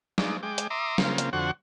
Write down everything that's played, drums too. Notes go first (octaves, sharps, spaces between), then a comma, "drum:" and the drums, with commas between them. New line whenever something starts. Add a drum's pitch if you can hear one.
G#3 D#4 D5, drum: snare
G#3 G5 D6
drum: hi-hat
E5 A#5 C6 D6 D#6
C#3 A#3 C4 F4, drum: snare
drum: hi-hat
F2 D3 F#4 C5 F#5 C#6